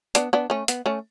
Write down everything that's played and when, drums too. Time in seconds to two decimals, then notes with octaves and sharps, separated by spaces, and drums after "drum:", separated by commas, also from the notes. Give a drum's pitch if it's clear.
0.15 B3 D4, drum: hi-hat
0.33 B3 D4
0.50 A3 C#4
0.68 B3, drum: hi-hat
0.86 A3 C#4